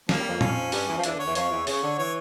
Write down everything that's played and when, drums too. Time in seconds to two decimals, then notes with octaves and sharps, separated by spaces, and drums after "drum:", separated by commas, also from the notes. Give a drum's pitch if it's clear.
0.09 F3 A#3, drum: snare
0.19 G3
0.28 F2 F3
0.41 C#4, drum: tom A#2
0.72 G2 G3, drum: open hi-hat
0.88 E2 E3
0.98 F3
1.04 E2 E3 D4, drum: hi-hat
1.14 D3
1.19 C#5
1.25 E2 E3
1.35 F2 F3 C#5, drum: hi-hat
1.51 E2 E3
1.67 C#3 C#5, drum: open hi-hat
1.82 D3
1.99 E3 C#5